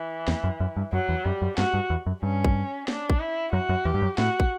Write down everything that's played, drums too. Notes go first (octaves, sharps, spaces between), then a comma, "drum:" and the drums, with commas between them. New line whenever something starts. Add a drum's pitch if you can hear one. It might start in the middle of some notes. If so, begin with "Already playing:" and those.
Already playing: E3
E2, drum: snare
F#2
F#2
G2
F#2 F#3
E2
F#2 G3
F#2
G2 F#4, drum: snare
G2
E2
F#2
G2 C#4
drum: kick
D4, drum: snare
drum: kick
E4
F#2 F#4
F#2
E2 G4
G2
F#2
A2 F#4, drum: snare
drum: kick